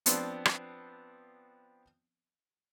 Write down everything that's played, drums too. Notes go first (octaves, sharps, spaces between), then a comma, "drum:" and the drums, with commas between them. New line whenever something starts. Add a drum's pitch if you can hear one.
F3 B3 C4 D4, drum: hi-hat
drum: rim click